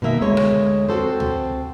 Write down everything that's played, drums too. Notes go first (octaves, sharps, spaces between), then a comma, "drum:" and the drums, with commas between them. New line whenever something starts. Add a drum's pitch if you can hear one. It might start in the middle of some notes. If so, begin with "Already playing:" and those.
B2 D#3 A#3 E5
D2 G#3 C#5
drum: rim click
C4 F#4 A4 C5
drum: tom C#2